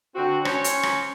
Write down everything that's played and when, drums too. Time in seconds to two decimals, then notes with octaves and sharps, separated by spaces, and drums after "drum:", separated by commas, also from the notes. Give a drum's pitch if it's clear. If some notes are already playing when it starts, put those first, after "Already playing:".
0.16 D3 C4 F#4
0.45 C#4 C5 C#5, drum: rim click
0.64 drum: hi-hat
0.83 drum: rim click